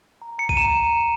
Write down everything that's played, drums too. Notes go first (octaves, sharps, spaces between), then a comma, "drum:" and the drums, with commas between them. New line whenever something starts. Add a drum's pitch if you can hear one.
A#5
A#5 C#7
D#7, drum: kick B1
A#5 E7